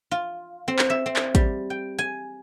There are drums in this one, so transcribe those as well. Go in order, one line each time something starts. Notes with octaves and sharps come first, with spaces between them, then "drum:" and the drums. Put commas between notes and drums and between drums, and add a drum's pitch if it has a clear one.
F4
C4
drum: clap
E5
C4
drum: clap
G3, drum: kick, hi-hat
G5
G#5